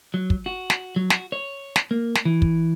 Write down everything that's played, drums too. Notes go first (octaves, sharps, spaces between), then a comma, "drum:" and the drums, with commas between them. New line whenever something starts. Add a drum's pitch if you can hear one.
F#3
drum: kick
F#4
drum: snare
F#3
F#4, drum: snare
C#5
drum: snare
A#3
drum: snare
E3
drum: kick